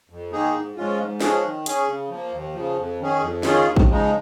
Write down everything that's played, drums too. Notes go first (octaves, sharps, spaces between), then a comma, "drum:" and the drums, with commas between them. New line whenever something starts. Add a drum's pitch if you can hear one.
F2
D#3 A#3 D#4 G#4
G#2
F3 G#3 C#4 F4
G#2
F3 G#3 C#4 G#4, drum: snare
D#3
C#4 G#4, drum: hi-hat
C#3
F3
A#3
D#2
C#3 F3
F2
D#3 C#4 G#4
F2
D#3 C#4 F4 G#4, drum: snare
D#2
drum: kick
C#3 F3 G#3 D#4